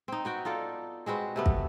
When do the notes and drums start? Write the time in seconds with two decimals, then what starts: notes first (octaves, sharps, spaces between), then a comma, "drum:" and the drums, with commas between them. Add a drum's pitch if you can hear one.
0.08 C4 D#4
0.25 B3 F#4 G5
0.45 D#4 F4 A4 D5
1.06 G#3 C4 F#4 B4
1.36 C3 A3 B3
1.46 drum: kick